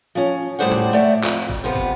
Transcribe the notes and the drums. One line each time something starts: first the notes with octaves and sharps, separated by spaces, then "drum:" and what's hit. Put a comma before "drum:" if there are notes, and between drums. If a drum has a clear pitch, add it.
F3 C#4
A2 G3 G#4 C5 D5 F#5
drum: tom A2
A3 D5 E5
F2, drum: clap
drum: kick
C3 F3 B3
drum: kick